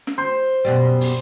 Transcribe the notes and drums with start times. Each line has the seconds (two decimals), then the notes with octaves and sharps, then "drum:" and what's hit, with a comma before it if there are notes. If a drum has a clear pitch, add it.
0.07 drum: snare
0.18 C5
0.65 F#2 B2 G3
1.01 drum: open hi-hat